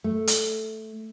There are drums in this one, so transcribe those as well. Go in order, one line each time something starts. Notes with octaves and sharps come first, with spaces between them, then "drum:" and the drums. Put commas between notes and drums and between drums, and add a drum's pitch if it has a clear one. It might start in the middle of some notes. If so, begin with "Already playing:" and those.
A3
drum: hi-hat